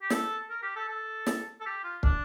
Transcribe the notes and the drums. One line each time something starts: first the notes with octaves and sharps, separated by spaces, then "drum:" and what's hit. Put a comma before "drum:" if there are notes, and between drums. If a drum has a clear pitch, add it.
G4
A4, drum: snare
A#4
G4
A4
A4
drum: snare
A4
G4
F4
D4, drum: kick